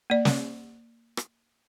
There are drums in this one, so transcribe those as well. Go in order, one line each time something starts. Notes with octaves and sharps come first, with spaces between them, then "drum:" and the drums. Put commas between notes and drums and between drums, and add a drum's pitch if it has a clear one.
A#3 D5
drum: snare
drum: rim click